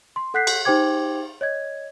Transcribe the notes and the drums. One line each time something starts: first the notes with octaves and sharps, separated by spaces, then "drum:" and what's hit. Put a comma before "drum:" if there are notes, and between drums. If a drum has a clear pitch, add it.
C6
A4 F#5 F#6 G6 B6 C7
drum: cymbal
D#4 G4 C5 G5 D6 G#6
C#5 D#5 G#6